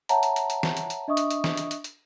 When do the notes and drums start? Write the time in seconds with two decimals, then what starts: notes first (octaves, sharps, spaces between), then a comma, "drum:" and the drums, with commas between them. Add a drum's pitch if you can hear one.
0.09 C#5 E5 F#5 A5 A#5, drum: hi-hat
0.23 drum: hi-hat
0.36 drum: hi-hat
0.50 drum: hi-hat
0.63 drum: snare
0.77 drum: hi-hat
0.90 drum: hi-hat
1.08 D4 D#5 E5 C#6 D#6
1.17 drum: hi-hat
1.31 drum: hi-hat
1.44 drum: snare
1.57 drum: hi-hat
1.71 drum: hi-hat
1.84 drum: hi-hat